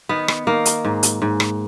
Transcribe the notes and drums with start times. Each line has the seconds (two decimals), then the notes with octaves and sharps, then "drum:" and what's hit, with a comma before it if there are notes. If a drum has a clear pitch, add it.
0.09 D#3 B3
0.28 drum: rim click
0.47 D#3 A#3
0.65 drum: hi-hat
0.85 G#2
1.03 drum: hi-hat
1.22 G#2
1.40 drum: rim click